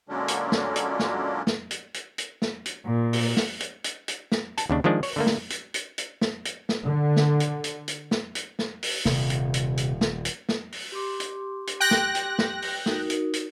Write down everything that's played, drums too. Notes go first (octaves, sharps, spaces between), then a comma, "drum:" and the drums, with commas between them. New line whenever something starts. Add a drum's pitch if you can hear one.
A#2 D3 F#3 G#3 C#4 D4
drum: hi-hat
drum: snare
drum: hi-hat
drum: snare
drum: snare
drum: hi-hat
drum: hi-hat
drum: hi-hat
drum: snare
drum: hi-hat
A#2
drum: open hi-hat
drum: snare
drum: hi-hat
drum: hi-hat
drum: hi-hat
drum: snare
A5, drum: hi-hat
D#2 C#3 D4
D#3 F3 G#3 D4
C#5, drum: open hi-hat
D3 A3 A#3
drum: snare
drum: hi-hat
drum: hi-hat
drum: hi-hat
drum: snare
drum: hi-hat
drum: snare
D3
drum: snare
drum: hi-hat
drum: hi-hat
drum: hi-hat
drum: snare
drum: hi-hat
drum: snare
drum: open hi-hat
D#1 C3, drum: snare
drum: hi-hat
drum: hi-hat
drum: hi-hat
drum: snare
drum: hi-hat
drum: snare
drum: open hi-hat
G4 C6 D6
drum: hi-hat
drum: hi-hat
G5 F#6 A#6
drum: snare
drum: hi-hat
drum: snare
drum: open hi-hat
D#4 F#4 A#4, drum: snare
drum: hi-hat
drum: hi-hat